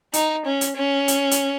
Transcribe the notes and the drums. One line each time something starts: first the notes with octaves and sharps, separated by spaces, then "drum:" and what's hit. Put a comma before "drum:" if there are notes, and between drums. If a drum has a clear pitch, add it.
D#4, drum: hi-hat
C#4
drum: hi-hat
C#4
drum: hi-hat
drum: hi-hat